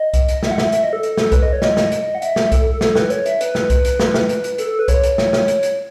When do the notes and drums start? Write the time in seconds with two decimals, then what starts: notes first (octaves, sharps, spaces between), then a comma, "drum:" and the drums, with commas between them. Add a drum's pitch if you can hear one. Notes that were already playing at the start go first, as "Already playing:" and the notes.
Already playing: D#5
0.14 drum: kick C2, hi-hat
0.28 drum: hi-hat
0.43 E5, drum: snare
0.51 F#5
0.58 E5, drum: snare
0.72 E5, drum: hi-hat
0.83 D#5
0.93 A4
1.03 A4, drum: hi-hat
1.17 drum: snare
1.32 B4, drum: kick C2, hi-hat
1.42 D#5
1.53 C#5
1.62 D#5, drum: snare
1.77 drum: snare
1.92 drum: hi-hat
2.15 F#5
2.22 E5, drum: hi-hat
2.36 drum: snare
2.52 A4, drum: kick C2, hi-hat
2.71 A4
2.81 A4, drum: snare
2.96 B4, drum: snare
3.10 C#5, drum: hi-hat
3.26 E5, drum: hi-hat
3.41 B4, drum: hi-hat
3.55 drum: snare
3.70 drum: kick C2, hi-hat
3.85 drum: hi-hat
4.00 drum: snare
4.14 drum: snare
4.29 drum: hi-hat
4.44 drum: hi-hat
4.58 A4, drum: hi-hat
4.69 A4
4.79 B4
4.88 C#5, drum: kick C2, hi-hat
5.03 drum: hi-hat
5.18 drum: snare
5.33 drum: snare
5.48 drum: hi-hat
5.63 drum: hi-hat